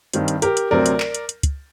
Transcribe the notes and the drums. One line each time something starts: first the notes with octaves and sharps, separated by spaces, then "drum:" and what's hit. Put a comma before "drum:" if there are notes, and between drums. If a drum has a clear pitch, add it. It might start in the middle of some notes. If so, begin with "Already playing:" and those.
G2 D#3 G3 C4, drum: hi-hat
drum: hi-hat
G4 A#4, drum: hi-hat
drum: hi-hat
D2 C3 F#3 C4 A#4 D5
drum: hi-hat
drum: clap
drum: hi-hat
drum: hi-hat
drum: kick, hi-hat